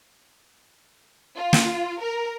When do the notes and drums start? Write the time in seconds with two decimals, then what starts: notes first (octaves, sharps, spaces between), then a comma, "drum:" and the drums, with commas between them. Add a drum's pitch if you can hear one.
1.36 F4
1.53 drum: snare
2.01 A#4